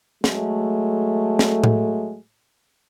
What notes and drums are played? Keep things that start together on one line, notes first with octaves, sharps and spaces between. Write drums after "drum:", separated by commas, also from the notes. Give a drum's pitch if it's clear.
F#3 G#3 A3, drum: snare
drum: snare
drum: tom A2